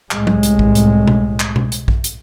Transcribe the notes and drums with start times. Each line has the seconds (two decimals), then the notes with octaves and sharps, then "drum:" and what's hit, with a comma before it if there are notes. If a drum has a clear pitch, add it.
0.11 C2 A2 G#3, drum: clap
0.27 drum: tom F#3
0.43 drum: hi-hat
0.59 drum: kick A#1
0.75 drum: hi-hat
1.08 drum: tom B2
1.40 drum: clap
1.56 drum: tom B2
1.72 drum: hi-hat
1.88 drum: kick A#1
2.04 drum: hi-hat